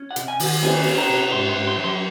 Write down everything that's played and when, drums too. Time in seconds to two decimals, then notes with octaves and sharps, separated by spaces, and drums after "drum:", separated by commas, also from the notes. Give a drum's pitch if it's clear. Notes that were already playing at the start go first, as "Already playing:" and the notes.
Already playing: C#4
0.11 F#5
0.16 C3, drum: hi-hat
0.28 G#5
0.40 D#3, drum: open hi-hat
0.45 F#5
0.63 A#3 G#5, drum: cymbal
0.86 C#4
0.98 A#5
1.09 C3
1.32 G#2 C6
1.49 C6
1.55 G#2
1.67 C6
1.78 F#3
1.84 C6